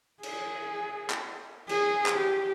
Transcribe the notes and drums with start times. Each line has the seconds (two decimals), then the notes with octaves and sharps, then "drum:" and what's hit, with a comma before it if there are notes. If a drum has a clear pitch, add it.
0.23 G#4, drum: cymbal
1.10 drum: clap
1.69 G#4, drum: cymbal
2.06 drum: clap
2.18 G4